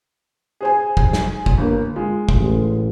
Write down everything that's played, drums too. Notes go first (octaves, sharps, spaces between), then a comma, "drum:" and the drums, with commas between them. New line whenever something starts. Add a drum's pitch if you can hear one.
G#4 C5 G#5
drum: kick
drum: snare
drum: kick
G1 A#3
G#3 F4
drum: kick
A1